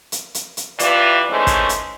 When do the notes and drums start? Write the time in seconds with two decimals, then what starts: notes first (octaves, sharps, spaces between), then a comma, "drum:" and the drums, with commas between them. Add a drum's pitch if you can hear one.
0.12 drum: hi-hat
0.34 drum: hi-hat
0.57 drum: hi-hat
0.79 C3 E3 F4 B4 D5, drum: hi-hat
1.29 G#2 E3 G#3 A3 C#4 C5
1.47 drum: kick, hi-hat
1.69 drum: hi-hat